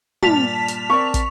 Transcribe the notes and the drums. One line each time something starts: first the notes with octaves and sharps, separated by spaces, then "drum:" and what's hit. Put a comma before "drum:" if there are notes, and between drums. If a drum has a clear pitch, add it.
G2 A#2 A5 B6 F7, drum: tom
drum: hi-hat
C4 A#4 D5 C#6
drum: kick, hi-hat